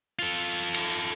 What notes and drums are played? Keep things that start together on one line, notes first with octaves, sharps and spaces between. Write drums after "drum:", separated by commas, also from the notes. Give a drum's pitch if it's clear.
F4 A4
drum: cymbal